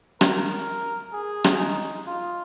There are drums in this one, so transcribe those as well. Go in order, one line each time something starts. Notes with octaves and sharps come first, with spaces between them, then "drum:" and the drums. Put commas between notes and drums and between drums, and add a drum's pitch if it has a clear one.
A#4, drum: rim click
G#4
drum: rim click
D#4
F4